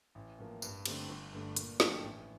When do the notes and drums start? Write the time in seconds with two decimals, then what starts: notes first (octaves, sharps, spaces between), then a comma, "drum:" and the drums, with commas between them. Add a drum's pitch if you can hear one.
0.15 A1
0.38 A2 F3 A#3
0.62 G2, drum: tambourine
0.85 D3 A3 C4 G4, drum: cymbal
1.09 G1
1.33 G2 D3 A3
1.57 A#2, drum: hi-hat
1.80 F3 A3 D4 G4, drum: snare
2.03 A1